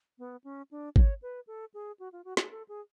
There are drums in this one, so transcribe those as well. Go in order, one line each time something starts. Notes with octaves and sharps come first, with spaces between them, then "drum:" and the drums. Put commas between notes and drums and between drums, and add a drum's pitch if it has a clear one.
B3
C#4
D4
C#5, drum: kick
B4
A4
G#4
F#4
F4
F#4
G#4, drum: snare
A4
G#4